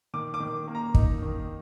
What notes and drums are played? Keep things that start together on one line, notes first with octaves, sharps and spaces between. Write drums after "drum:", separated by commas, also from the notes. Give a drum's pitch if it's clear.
D#3 D6
D6
D#3
A#3
A#5
D#4, drum: kick
D#3